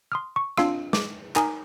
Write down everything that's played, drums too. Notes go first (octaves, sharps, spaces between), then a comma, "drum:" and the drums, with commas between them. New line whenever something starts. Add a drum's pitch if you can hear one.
C6 D#6 F6
C#6
C4 D4 F4 F5 C6 E6, drum: rim click
D6, drum: snare
D#4 A#4 G#5 A#5 D#6, drum: clap